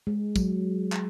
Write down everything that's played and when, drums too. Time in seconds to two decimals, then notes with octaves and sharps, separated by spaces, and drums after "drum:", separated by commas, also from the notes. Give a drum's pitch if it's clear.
0.07 G#3
0.36 F#3, drum: kick, tambourine
0.92 drum: clap